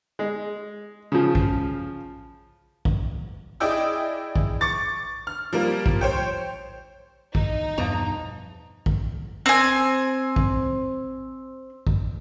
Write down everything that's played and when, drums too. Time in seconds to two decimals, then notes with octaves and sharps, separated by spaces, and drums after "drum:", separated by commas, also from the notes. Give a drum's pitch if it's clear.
0.19 G#3
1.12 C#3 F3
1.35 drum: kick A#1
2.85 drum: kick A#1
3.60 E4 G#4 D5 D#5 G5 E6
4.36 drum: kick A#1
4.61 C#6 D6 A6
5.27 F6
5.53 F3 G3 A#3
5.86 drum: kick A#1
6.01 C5 C#5 G5
7.35 D#4, drum: kick A#1
7.78 E2 G2 B2 F3 A#5
8.86 drum: kick A#1
9.46 C4 G#5
10.36 drum: kick A#1
11.87 drum: kick A#1